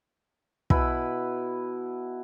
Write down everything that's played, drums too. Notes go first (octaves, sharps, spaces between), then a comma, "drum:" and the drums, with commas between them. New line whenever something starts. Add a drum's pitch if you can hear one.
B2 E4 B4 B5, drum: kick